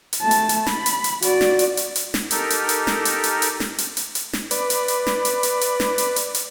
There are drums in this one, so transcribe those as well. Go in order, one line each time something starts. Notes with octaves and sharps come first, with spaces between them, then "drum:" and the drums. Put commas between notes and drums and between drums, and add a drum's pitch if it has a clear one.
drum: hi-hat
A3 A5
drum: hi-hat
drum: hi-hat
B5, drum: snare
drum: hi-hat
drum: hi-hat
F#4 D5, drum: hi-hat
drum: snare
drum: hi-hat
drum: hi-hat
drum: hi-hat
drum: snare
D#4 G4 A4 A#4, drum: hi-hat
drum: hi-hat
drum: hi-hat
drum: snare
drum: hi-hat
drum: hi-hat
drum: hi-hat
drum: snare
drum: hi-hat
drum: hi-hat
drum: hi-hat
drum: snare
B4 D5, drum: hi-hat
drum: hi-hat
drum: hi-hat
drum: snare
drum: hi-hat
drum: hi-hat
drum: hi-hat
drum: snare
drum: hi-hat
drum: hi-hat
drum: hi-hat